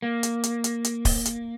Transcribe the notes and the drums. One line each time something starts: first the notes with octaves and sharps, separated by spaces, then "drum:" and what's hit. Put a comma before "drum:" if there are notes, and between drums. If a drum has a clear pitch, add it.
A#3
drum: hi-hat
drum: hi-hat
drum: hi-hat
drum: hi-hat
drum: kick, open hi-hat
drum: hi-hat